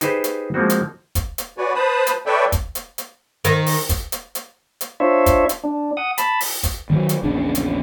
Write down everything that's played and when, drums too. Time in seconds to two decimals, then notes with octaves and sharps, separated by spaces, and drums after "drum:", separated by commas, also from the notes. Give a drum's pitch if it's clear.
0.01 D#4 G4 G#4 B4 C5, drum: hi-hat
0.24 drum: hi-hat
0.54 F3 G#3 A#3 C4 F#4
0.70 drum: hi-hat
1.15 drum: kick, hi-hat
1.38 drum: hi-hat
1.57 F#4 B4 C#5 D5 G#5
1.75 B4 C5 A5 B5 D#6
2.07 drum: hi-hat
2.26 A4 B4 C#5 D5 E5 G5
2.52 drum: kick, hi-hat
2.75 drum: hi-hat
2.98 drum: hi-hat
3.45 D#3, drum: hi-hat
3.66 drum: open hi-hat
3.89 drum: kick, hi-hat
4.12 drum: hi-hat
4.35 drum: hi-hat
4.81 drum: hi-hat
5.00 D4 F4 C5 C#5 E5
5.26 drum: kick, hi-hat
5.49 drum: hi-hat
5.64 D4
5.97 F#5 D#6
6.18 A5 B5, drum: hi-hat
6.41 drum: open hi-hat
6.63 drum: kick, hi-hat
6.90 D#3 E3 F#3
7.09 drum: hi-hat
7.23 A#1 E2 C#3 D4
7.55 drum: hi-hat